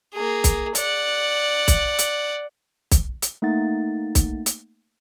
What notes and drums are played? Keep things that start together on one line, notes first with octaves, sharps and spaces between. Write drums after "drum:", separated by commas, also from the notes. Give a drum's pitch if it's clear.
A#3 G#4
drum: kick B1, hi-hat
D5 F#5, drum: hi-hat
drum: kick B1, hi-hat
drum: hi-hat
drum: kick B1, hi-hat
drum: hi-hat
A3 A#3 D#4 F#5 A6
drum: kick B1, hi-hat
drum: hi-hat